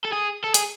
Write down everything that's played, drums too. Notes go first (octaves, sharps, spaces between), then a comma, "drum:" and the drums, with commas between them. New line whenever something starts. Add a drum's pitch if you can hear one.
A4
G#4
A4
G#4, drum: hi-hat